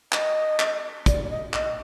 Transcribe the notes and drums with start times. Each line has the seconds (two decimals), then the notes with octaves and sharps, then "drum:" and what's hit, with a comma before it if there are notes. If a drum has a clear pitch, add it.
0.12 D#5, drum: clap
0.60 drum: clap
1.06 D5, drum: kick, hi-hat
1.24 D5
1.30 D#5
1.53 D#5, drum: clap